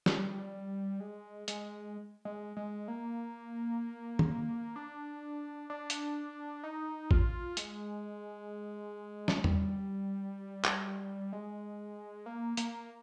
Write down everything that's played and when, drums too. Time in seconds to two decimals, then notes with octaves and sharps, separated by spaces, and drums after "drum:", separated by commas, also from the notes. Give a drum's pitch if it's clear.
0.06 G3, drum: snare
1.00 G#3
1.48 G#3, drum: hi-hat
2.25 G#3
2.57 G#3
2.88 A#3
4.19 drum: tom
4.76 D4
5.70 D4
5.90 drum: hi-hat
6.64 D#4
7.11 F4, drum: kick A1
7.57 G#3, drum: hi-hat
9.28 drum: snare
9.44 G3, drum: tom E2
10.64 drum: clap
11.33 G#3
12.26 A#3
12.57 A#3, drum: hi-hat